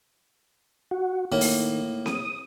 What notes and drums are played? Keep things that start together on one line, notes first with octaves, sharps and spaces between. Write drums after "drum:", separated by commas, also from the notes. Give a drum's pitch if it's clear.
F#4
A2 D#3 A#3
drum: open hi-hat
D#6, drum: snare C4